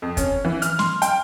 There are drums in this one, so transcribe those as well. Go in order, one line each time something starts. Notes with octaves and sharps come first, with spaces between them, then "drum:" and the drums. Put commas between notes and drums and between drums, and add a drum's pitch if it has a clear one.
F2
C#4, drum: kick, hi-hat
E3
F6, drum: hi-hat
C6, drum: snare
G5, drum: hi-hat